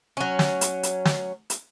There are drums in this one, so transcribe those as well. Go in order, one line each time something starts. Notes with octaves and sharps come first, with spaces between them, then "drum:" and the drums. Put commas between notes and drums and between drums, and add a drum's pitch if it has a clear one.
F#3 C#4
drum: snare
drum: hi-hat
drum: hi-hat
drum: snare
drum: hi-hat